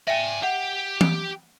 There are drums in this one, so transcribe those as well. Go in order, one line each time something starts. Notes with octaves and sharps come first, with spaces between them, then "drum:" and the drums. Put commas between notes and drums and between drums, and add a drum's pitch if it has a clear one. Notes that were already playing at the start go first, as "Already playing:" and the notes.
D5 E5 G5 G#5
G4 F#5
drum: tom E3